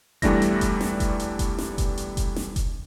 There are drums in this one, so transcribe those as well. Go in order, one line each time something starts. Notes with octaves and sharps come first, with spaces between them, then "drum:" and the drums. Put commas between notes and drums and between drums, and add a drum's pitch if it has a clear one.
E2 G3 A3 D4 E4 A#6, drum: kick F1, hi-hat
drum: hi-hat
drum: kick F1, hi-hat
drum: snare
drum: kick F1, hi-hat
drum: hi-hat
drum: kick F1, hi-hat
drum: snare
drum: kick F1, hi-hat
drum: hi-hat
drum: kick F1, hi-hat
drum: snare
drum: kick F1, hi-hat